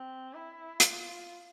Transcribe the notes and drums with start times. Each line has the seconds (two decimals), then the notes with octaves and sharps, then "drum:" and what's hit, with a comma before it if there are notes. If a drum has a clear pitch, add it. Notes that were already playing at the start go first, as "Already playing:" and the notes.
Already playing: C4
0.34 E4
0.80 F4, drum: hi-hat